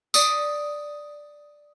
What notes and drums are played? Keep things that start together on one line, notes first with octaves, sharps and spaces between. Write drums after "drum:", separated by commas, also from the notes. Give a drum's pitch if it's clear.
D5 D#6, drum: tambourine